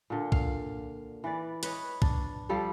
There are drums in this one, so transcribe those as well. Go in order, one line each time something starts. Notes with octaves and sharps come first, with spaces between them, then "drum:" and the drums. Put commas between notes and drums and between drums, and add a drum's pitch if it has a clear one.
A#2 D3
F5, drum: kick
E3 B4 D5
B4 C#5 D#5, drum: hi-hat
D4, drum: kick
F3 G3 A4 C5